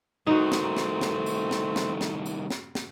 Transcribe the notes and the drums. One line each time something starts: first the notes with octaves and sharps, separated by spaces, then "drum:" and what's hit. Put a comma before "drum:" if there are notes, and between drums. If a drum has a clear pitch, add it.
C2 D#3 A3 C4 D#4 F#4
drum: snare
drum: snare
drum: snare
drum: tambourine
drum: snare
drum: snare
drum: snare
drum: tambourine
drum: snare
drum: snare